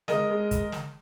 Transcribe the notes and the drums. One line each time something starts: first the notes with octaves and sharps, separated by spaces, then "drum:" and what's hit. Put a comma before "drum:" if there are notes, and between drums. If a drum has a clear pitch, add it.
G#3 A#4 D#5, drum: snare
G#3
drum: kick, hi-hat
drum: snare